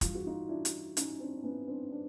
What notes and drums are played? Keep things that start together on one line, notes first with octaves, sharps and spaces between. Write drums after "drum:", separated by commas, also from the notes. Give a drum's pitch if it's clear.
G2 E3 F4, drum: kick, hi-hat
F#4
D#4 F4
D4 E4
drum: hi-hat
C#4 D#4, drum: hi-hat
C4 D4
D4
B3 C#4
C4 D4
C#4
C4 D4